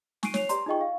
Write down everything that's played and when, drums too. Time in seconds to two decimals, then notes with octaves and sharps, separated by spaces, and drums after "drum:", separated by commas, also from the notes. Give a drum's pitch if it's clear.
0.23 G#5 C#6 F#6 C7 D7 D#7, drum: snare
0.34 C#5 C7 F7, drum: snare
0.49 G4 B4 D5 A#5 C6, drum: hi-hat
0.66 D#4 F4 G#4 D#5 G5 C#6
0.81 F5